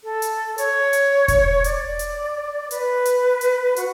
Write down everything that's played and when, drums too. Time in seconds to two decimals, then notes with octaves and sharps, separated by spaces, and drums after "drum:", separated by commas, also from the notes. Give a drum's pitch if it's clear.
0.04 A4
0.22 drum: hi-hat
0.58 C#5, drum: hi-hat
0.93 drum: hi-hat
1.28 drum: kick E1, hi-hat
1.64 D5, drum: hi-hat
1.99 drum: hi-hat
2.71 B4, drum: hi-hat
3.05 drum: hi-hat
3.41 drum: hi-hat
3.76 F#4, drum: hi-hat